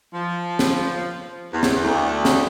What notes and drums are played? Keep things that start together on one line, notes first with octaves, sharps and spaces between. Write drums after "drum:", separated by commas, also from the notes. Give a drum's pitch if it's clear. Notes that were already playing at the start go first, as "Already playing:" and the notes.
F3
drum: snare
E2
drum: snare
D2
drum: snare